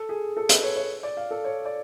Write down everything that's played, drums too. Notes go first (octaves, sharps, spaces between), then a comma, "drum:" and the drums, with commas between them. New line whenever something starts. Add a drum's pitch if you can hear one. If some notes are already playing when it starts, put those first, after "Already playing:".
Already playing: A4
G#4
A4
B4, drum: hi-hat
C#5
C#5
D5
F5
A4
C#5
D5